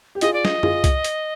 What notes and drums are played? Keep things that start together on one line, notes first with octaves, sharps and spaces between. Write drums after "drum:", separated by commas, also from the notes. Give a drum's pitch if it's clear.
G4
F4 G#4 D#5, drum: hi-hat
D5
D#5, drum: snare
F4 G#4, drum: tom F#2
drum: kick C2, hi-hat
drum: hi-hat